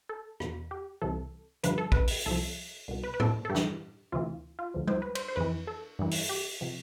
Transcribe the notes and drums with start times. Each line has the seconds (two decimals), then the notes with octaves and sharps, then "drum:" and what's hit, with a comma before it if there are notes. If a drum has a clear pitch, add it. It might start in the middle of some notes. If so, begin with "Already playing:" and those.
0.09 A4
0.40 E2 B2, drum: rim click
0.71 G4
1.02 C2 C3 E3 A4
1.64 G2 D3 F3 B4, drum: hi-hat
1.78 A4
1.92 B4, drum: kick
2.08 drum: open hi-hat
2.26 C2 C3 F3 A4
2.88 C2 B2
3.04 B4
3.14 B4
3.20 A4, drum: tom A2
3.45 A4
3.50 G2 G4
3.55 E3, drum: snare
4.12 D2 C3 E3 F4
4.59 F4
4.74 D2 D3 F3
4.88 C5, drum: tom G3
5.02 B4
5.15 C5, drum: cymbal
5.28 C5
5.36 F2 E3 B4
5.67 A4
5.99 G2 E3
6.11 drum: open hi-hat
6.29 G4
6.61 C3 F3